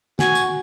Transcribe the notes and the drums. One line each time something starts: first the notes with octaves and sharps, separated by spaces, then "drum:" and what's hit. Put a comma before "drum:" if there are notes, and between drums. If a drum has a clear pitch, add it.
F#4 G#5, drum: snare
drum: tambourine